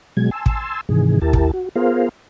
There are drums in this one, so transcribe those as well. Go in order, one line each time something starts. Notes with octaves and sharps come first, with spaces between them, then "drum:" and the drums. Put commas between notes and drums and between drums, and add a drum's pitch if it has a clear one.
B2 F#3 G#3 G#6
G#5 A5 C6 E6
drum: kick
G#2 C3 D#3 E3 G#4
D#2 E4 G4 A#4 A5
drum: kick
F#4
B3 F4 G#4 A#4 C5 F5